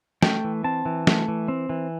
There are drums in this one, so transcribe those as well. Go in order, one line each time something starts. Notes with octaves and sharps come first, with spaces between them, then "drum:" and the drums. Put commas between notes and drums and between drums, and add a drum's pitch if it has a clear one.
A3 G5, drum: snare
E3
C4 A5
E3
A3, drum: snare
E3
C4
E3